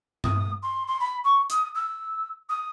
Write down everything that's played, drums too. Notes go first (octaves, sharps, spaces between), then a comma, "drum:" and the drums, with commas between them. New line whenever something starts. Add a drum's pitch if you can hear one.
D#6, drum: tom G2
C6
C6
B5
C#6
D#6, drum: hi-hat
E6
D#6